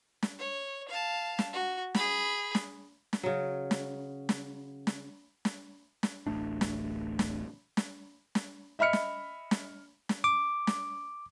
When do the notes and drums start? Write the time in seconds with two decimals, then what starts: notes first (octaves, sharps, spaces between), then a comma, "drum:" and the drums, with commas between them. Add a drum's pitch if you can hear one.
0.23 drum: snare
0.39 C#5
0.88 F5 A5
1.39 drum: snare
1.53 F#4
1.95 G#4 B5, drum: snare
2.55 drum: snare
3.13 drum: snare
3.23 C#3 F#3
3.71 drum: snare
4.29 drum: snare
4.87 drum: snare
5.45 drum: snare
6.03 drum: snare
6.27 D1 A1 A3 D4
6.61 drum: snare
7.19 drum: snare
7.77 drum: snare
8.35 drum: snare
8.79 D#5 E5 B5 F6 C#7
8.93 drum: snare
9.51 drum: snare
10.09 drum: snare
10.24 D6
10.67 drum: snare